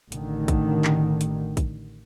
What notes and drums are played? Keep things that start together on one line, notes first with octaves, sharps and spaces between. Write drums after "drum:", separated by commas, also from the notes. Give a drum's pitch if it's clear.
A1 D3 D#3, drum: hi-hat
drum: kick, hi-hat
drum: clap
drum: hi-hat
drum: kick, hi-hat